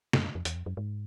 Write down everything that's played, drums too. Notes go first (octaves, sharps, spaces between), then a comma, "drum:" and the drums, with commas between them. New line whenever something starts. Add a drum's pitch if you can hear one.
F#2, drum: snare
F2
E2, drum: hi-hat
F2
F#2
G#2